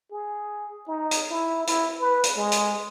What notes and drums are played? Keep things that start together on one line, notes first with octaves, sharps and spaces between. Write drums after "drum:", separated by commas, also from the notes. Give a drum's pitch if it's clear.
G#4
D#4
drum: hi-hat
E4
E4, drum: hi-hat
B4
drum: hi-hat
G#3
drum: hi-hat